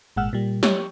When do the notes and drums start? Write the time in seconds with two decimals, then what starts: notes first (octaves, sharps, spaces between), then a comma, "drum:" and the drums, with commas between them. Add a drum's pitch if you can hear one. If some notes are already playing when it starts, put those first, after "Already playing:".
0.16 G#1 A#2 G#3 F#5 E6 F6
0.33 A#2 G3
0.63 G4 C#5, drum: snare